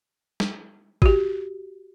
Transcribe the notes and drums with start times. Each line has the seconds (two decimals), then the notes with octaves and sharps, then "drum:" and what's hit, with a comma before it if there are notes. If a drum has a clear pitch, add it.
0.40 drum: snare
1.02 F#4 G4, drum: kick G#1